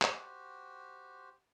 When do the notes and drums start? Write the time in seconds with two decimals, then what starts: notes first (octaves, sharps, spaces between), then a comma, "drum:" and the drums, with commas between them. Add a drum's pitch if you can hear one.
0.02 F#4 G4 C5, drum: clap